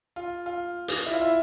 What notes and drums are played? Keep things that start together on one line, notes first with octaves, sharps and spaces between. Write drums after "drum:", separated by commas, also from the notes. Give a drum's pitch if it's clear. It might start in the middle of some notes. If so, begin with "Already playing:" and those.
F4
F4
drum: hi-hat
E4
F4
E4